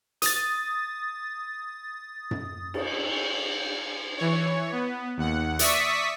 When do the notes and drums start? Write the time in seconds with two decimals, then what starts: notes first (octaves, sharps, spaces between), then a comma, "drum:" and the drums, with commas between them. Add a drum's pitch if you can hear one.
0.22 D#6 A6, drum: hi-hat
2.31 drum: tom F#2
2.74 drum: cymbal
4.17 E3 C#5
4.72 B3
5.17 D#2 F#5
5.59 D5 E5 C#6 D#6 B6, drum: hi-hat